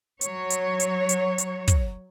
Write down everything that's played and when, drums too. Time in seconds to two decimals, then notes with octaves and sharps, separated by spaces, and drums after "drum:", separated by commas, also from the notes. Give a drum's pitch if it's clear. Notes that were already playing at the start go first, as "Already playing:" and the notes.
0.21 F#3 C#5, drum: hi-hat
0.50 drum: hi-hat
0.80 drum: hi-hat
1.09 drum: hi-hat
1.38 drum: hi-hat
1.68 drum: kick, hi-hat